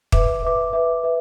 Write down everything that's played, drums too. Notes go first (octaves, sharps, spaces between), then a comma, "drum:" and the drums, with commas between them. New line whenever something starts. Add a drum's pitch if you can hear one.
B4 E5 D6, drum: kick
B4 E5 D6
B4 E5 D6
B4 E5